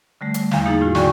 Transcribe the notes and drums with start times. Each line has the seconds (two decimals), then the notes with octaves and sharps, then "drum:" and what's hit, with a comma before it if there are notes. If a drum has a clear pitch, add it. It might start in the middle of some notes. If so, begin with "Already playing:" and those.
0.21 D3 G3 A3
0.34 drum: hi-hat
0.51 E2 F5, drum: snare
0.66 A#3 D#4 E4 G#4 A6
0.81 A2 F4 F#4
0.95 F#4 D5 G5 G#5 C#6, drum: snare